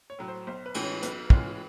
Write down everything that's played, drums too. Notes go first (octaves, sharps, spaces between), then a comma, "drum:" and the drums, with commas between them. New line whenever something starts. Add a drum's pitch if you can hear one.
C#5
A2 F#3
C5
B1 C5
B4
A2 E3 G#3 C#4, drum: cymbal
C#5
B1 B4, drum: hi-hat
A2 E3 G#3 C#4 F4, drum: kick